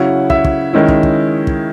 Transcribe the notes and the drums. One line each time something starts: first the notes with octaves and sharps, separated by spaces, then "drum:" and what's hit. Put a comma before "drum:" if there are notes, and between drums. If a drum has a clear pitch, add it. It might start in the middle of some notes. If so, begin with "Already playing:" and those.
Already playing: C#3 F#3 C#4 E4 F#5
E5, drum: kick
drum: kick
D#3 G#3 C#4 E4
drum: kick
drum: kick
drum: kick